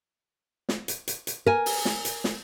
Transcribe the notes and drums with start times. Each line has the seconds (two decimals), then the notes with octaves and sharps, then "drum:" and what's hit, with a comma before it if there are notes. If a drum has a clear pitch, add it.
0.69 drum: snare
0.88 drum: hi-hat
1.08 drum: hi-hat
1.27 drum: hi-hat
1.46 A#4 G#5
1.66 drum: open hi-hat
1.85 drum: snare
2.05 drum: hi-hat
2.24 drum: snare